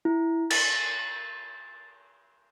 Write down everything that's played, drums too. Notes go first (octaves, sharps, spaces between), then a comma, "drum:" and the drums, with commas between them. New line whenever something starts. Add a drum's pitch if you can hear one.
E4
A6, drum: cymbal